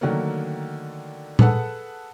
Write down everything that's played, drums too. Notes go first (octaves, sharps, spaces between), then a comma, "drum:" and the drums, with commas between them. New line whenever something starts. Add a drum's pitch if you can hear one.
D3 D#3 F#3 A3 A#3
G#4 A4 B4 F#5 A5, drum: tom A#2